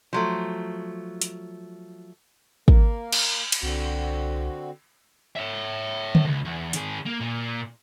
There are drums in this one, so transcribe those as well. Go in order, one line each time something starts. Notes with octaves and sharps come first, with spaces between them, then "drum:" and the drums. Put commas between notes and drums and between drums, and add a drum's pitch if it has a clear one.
F3 F#3 A3
drum: hi-hat
A#3 A#4, drum: kick
drum: cymbal
drum: cymbal
C2 D3 C4 F#4
C#5 E5
drum: tom D3
C#2
E2
D#3 G#4, drum: hi-hat
A#3
A#2